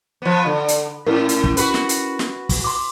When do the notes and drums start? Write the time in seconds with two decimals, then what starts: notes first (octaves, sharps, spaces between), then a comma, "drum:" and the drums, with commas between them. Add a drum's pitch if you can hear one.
0.22 F3 B3
0.46 D3
0.68 drum: hi-hat
1.07 A2 C#4 E4 A#4
1.29 drum: hi-hat
1.44 drum: kick
1.57 F#4 B4, drum: hi-hat
1.74 drum: snare
1.89 drum: hi-hat
2.19 drum: snare
2.49 drum: kick, open hi-hat
2.64 C6 D6